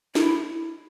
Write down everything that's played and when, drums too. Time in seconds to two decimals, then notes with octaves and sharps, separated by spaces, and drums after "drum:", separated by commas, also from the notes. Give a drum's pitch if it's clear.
0.15 E4, drum: snare